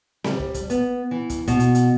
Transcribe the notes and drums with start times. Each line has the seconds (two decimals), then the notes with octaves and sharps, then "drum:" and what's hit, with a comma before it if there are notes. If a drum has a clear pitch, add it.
0.24 G3, drum: snare C4
0.39 drum: kick
0.54 drum: kick, hi-hat
0.70 B3, drum: hi-hat
1.11 E3
1.30 drum: kick, hi-hat
1.48 B2, drum: kick, hi-hat
1.60 drum: hi-hat
1.75 drum: hi-hat